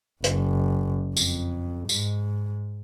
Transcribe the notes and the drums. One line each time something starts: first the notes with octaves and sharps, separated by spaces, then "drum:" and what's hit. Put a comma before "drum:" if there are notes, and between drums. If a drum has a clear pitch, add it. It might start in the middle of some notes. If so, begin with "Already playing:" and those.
F#1, drum: hi-hat
F2, drum: tambourine
G#2, drum: tambourine